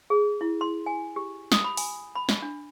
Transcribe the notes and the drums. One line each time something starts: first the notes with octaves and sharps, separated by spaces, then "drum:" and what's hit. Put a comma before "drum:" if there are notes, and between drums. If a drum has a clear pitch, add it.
G#4
E4
C6
G#5
G4
D#6, drum: snare
B5
G#5, drum: open hi-hat
B5
drum: snare
D4